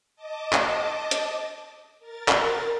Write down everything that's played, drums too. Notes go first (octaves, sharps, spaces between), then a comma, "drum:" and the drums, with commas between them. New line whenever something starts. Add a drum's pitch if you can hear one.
D#5 A5 D6
drum: clap
drum: hi-hat
A#4 A6
drum: clap